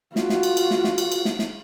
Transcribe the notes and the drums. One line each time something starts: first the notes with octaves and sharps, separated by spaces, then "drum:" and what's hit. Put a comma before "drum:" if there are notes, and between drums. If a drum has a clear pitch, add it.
F4 F#4, drum: snare
drum: snare
drum: cymbal
drum: cymbal
drum: snare
drum: snare
drum: cymbal
drum: cymbal
drum: snare
drum: snare